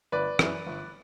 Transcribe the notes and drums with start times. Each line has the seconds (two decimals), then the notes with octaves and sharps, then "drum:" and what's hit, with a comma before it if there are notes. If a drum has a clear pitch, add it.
0.12 G1 B4 D5
0.39 F#2 E3, drum: rim click
0.66 G1